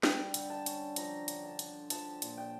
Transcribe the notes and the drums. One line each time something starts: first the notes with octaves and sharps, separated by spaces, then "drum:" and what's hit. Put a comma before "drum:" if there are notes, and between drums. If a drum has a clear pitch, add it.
G3 G5, drum: snare
D3, drum: hi-hat
A5
C#4, drum: hi-hat
F3 A#5, drum: hi-hat
D3, drum: hi-hat
A5
D3, drum: hi-hat
F3 A5, drum: hi-hat
A#2, drum: hi-hat
G5